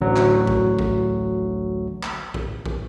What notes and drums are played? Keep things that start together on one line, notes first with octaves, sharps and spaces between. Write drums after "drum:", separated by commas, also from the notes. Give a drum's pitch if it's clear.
A1 D2 F#3
drum: clap
drum: kick
drum: kick
drum: clap
drum: kick
drum: kick